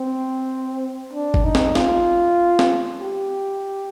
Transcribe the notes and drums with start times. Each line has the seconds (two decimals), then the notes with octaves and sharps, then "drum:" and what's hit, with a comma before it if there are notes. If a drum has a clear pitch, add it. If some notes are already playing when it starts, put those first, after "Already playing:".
Already playing: C4
1.13 D4
1.34 drum: kick G1
1.45 D#4
1.55 drum: snare
1.75 F4, drum: snare
2.59 drum: snare
3.01 G4